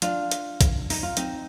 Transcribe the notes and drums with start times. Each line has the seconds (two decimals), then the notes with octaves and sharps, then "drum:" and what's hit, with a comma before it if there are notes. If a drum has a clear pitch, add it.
0.02 D4 F4, drum: hi-hat
0.31 drum: hi-hat
0.61 drum: kick A#1, hi-hat
0.90 D#4, drum: open hi-hat
1.03 F4
1.17 C4 D#4, drum: hi-hat